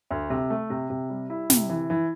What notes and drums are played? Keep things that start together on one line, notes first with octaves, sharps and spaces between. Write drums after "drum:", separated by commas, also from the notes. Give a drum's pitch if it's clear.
D2
C3
A3
C3
C3
G3
E4
C3, drum: snare
E3
E3